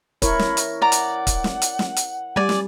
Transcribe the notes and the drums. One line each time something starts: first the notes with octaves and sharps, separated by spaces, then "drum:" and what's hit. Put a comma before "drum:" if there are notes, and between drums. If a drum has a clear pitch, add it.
E4 A#4 C#5 B5, drum: kick, hi-hat
drum: snare
drum: hi-hat
D5 F#5 A#5
drum: hi-hat
drum: kick, hi-hat
drum: snare
drum: hi-hat
drum: snare
drum: hi-hat
G3 D5 G#5
drum: snare